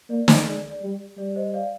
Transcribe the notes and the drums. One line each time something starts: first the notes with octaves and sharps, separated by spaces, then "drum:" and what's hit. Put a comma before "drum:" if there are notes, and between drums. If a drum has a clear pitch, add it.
A#3 D5
D5, drum: snare
G#3 D5
D5
G3
G3 D5
C5 D#5
D5 F5